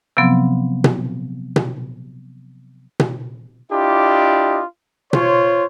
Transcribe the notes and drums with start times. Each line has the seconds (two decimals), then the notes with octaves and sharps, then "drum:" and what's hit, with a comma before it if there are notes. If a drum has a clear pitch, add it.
0.17 C3 F3 F#3 B3 C4
0.84 drum: tom B2
1.56 drum: tom B2
3.00 drum: tom B2
3.71 D4 E4 F4 G4 D#5
5.13 F4 C5 C#5, drum: tom B2